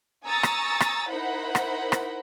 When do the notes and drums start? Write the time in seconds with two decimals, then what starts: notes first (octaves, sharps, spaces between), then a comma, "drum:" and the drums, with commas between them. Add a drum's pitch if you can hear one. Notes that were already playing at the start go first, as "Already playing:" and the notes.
0.25 G#5 A#5 C#6 D#6 E6 A6
0.43 drum: rim click
0.80 drum: rim click
1.09 D#4 E4 A#4 C5 F#5 B5
1.55 drum: rim click
1.92 drum: rim click